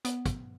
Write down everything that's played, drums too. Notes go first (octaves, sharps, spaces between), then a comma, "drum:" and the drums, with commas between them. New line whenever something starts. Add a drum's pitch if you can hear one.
B3, drum: hi-hat
drum: kick, hi-hat